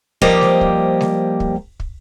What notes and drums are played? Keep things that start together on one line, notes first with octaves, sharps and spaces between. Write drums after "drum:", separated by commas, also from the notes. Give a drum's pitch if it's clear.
F3 G3 A#3 G4 C5 D#5, drum: kick
drum: snare
drum: kick
drum: snare
drum: kick
drum: kick